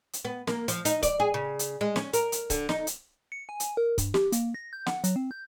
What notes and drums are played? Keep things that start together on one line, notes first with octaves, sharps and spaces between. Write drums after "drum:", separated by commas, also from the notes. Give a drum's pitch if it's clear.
drum: hi-hat
B3
A#3, drum: snare
F3, drum: hi-hat
D#4, drum: hi-hat
D5, drum: kick C#1, hi-hat
G#4
C#3
drum: hi-hat
G#3
C#4, drum: snare
A#4, drum: hi-hat
drum: hi-hat
D3, drum: kick C#1, hi-hat
D#4, drum: snare
drum: hi-hat
C#7
G#5
drum: hi-hat
A#4
G2, drum: kick C#1, hi-hat
G4, drum: snare
A#3, drum: hi-hat
A#6
G6
F#5, drum: snare
F#3, drum: hi-hat
C4
G6